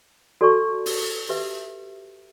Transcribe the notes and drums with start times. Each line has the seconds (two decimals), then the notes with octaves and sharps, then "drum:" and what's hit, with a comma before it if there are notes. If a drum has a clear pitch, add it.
0.41 F#4 A4 D5 A5 C#6
0.86 drum: open hi-hat
1.29 G4 B4 E5